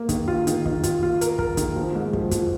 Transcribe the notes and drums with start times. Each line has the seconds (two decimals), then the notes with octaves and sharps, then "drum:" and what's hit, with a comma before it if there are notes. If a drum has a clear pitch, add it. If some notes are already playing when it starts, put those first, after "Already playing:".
Already playing: A#3 A#4
0.09 D#3, drum: kick, hi-hat
0.28 F4
0.47 D#3, drum: hi-hat
0.66 D#3, drum: kick
0.84 F4, drum: kick, hi-hat
1.03 F4
1.21 A#4, drum: hi-hat
1.39 A#4, drum: kick
1.57 D#3, drum: kick, hi-hat
1.76 F3
1.95 G#2
2.13 F3, drum: kick
2.31 F3, drum: kick, hi-hat